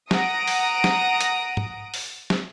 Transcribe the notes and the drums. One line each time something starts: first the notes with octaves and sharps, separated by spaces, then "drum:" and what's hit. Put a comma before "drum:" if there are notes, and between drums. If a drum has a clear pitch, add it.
F#5 A#5 D#6 A#6 D7, drum: snare
drum: open hi-hat
drum: snare
drum: hi-hat
drum: tom G#2
drum: open hi-hat
drum: snare